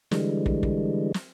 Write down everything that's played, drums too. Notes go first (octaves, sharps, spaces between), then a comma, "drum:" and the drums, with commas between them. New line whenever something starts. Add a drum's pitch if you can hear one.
D3 E3 G3 G#3, drum: snare
drum: kick
drum: kick
drum: snare